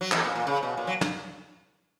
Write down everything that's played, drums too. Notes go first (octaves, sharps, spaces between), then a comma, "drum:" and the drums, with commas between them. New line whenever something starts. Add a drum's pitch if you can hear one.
F#3
E3, drum: clap
A#2
A#2
C#3
B2
A#2
F#3
drum: snare